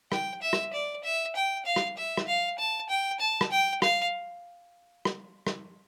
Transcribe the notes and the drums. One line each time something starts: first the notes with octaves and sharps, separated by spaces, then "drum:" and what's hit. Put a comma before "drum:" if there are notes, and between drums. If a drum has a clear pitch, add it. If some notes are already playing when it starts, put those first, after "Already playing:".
G5, drum: rim click
E5
drum: rim click
D5
E5
G5
F5
drum: rim click
E5
drum: rim click
F5
A5
G5
A5
drum: rim click
G5
F5, drum: rim click
drum: rim click
drum: rim click